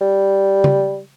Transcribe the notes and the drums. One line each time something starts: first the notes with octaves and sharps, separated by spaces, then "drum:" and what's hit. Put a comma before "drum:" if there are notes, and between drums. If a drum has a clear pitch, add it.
G3
drum: tom C#3